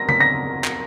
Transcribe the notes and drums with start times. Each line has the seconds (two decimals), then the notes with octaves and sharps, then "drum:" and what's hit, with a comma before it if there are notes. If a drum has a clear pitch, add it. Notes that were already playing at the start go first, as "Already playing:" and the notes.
Already playing: A#6
0.09 B6, drum: tom D3
0.20 A#6
0.64 drum: clap